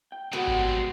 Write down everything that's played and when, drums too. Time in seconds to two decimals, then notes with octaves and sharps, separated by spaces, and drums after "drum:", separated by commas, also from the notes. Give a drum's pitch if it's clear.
0.12 G5
0.33 C3 G3 G#3 B3 F#4
0.47 drum: kick G#1